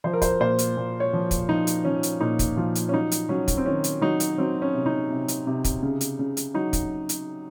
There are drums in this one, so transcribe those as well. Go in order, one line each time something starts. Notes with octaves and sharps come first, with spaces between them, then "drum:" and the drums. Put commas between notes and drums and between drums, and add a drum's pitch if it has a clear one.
F3 C5
A#4
C5, drum: kick, hi-hat
A#2 C5
drum: hi-hat
A#2
C#5
F3
drum: kick, hi-hat
F3 D#4
drum: hi-hat
F3 C#4
drum: hi-hat
A#2 D#4
drum: kick, hi-hat
F3 F4
drum: hi-hat
C#4
F#3 D#4
drum: hi-hat
F#3 C#4
drum: kick, hi-hat
C4
D#3 C#4
drum: hi-hat
F#3 D#4
drum: hi-hat
F#3 C4
C#4
C3
D#4
C3
drum: hi-hat
C3
drum: kick, hi-hat
C#3
drum: hi-hat
C#3
drum: hi-hat
F#3 D#4
drum: kick, hi-hat
drum: hi-hat